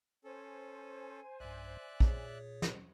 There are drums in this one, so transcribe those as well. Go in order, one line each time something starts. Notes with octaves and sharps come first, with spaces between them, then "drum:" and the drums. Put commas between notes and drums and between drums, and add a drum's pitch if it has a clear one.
C#4 A4 C5 G#5
B1 G2 D5 E5 F#6
A#2 G#4 C#5, drum: kick
drum: snare